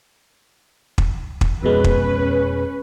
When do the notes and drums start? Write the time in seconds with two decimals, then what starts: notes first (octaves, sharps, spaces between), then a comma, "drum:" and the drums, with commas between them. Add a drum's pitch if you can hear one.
0.98 drum: kick
1.41 drum: kick
1.63 F2 B2 G#3 C#4 B4
1.84 drum: kick